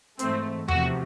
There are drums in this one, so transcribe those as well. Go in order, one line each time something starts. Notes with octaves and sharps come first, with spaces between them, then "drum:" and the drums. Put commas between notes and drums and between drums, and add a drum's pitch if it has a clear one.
G#2 E3 A3 C4, drum: hi-hat
E2 C3 F3 A3 F#4, drum: tom E2